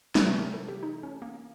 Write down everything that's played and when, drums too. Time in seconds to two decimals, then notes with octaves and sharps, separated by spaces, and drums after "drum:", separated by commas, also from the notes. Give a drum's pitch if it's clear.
0.15 drum: snare
0.25 C3 E3 A3 G#4
0.39 A#4
0.54 A4
0.68 G4
0.83 D#4
1.03 C#4
1.22 A#3